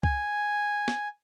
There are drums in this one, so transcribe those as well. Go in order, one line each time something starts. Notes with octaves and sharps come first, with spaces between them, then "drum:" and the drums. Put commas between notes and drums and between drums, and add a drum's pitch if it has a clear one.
G#5, drum: kick C2
drum: snare